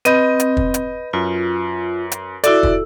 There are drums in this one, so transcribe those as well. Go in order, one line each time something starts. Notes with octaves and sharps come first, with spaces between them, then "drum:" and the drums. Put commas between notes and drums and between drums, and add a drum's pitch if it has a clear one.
C4 B4 D#5 B5 G6 D#7, drum: hi-hat
drum: hi-hat
drum: kick
drum: hi-hat
F#2 F4
drum: hi-hat
E4 F#4 A4 D5 E5 D6 E6, drum: hi-hat
drum: kick